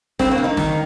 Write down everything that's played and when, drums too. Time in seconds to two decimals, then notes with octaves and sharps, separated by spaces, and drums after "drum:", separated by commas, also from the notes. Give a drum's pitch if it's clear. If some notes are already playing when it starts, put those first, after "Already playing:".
0.19 G2 C4, drum: snare
0.31 A#3
0.38 G2
0.44 D#4
0.57 D#3, drum: snare